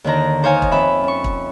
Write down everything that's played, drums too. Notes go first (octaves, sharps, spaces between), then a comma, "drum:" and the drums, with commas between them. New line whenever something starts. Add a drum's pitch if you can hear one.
D#2 D3 D#3 A#5
D#4 C5 C#5 F5 G#5
drum: kick
F2 E5 B5
C#4 C#6
drum: kick